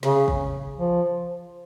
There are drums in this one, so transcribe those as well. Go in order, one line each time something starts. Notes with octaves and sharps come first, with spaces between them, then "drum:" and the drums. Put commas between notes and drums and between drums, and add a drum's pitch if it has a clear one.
C#3, drum: snare
drum: kick
F3